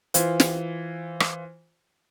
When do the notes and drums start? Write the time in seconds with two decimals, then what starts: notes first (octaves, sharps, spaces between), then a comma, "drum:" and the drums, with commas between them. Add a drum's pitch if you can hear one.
0.14 E3 F4 C5, drum: hi-hat
0.40 drum: snare
1.20 drum: rim click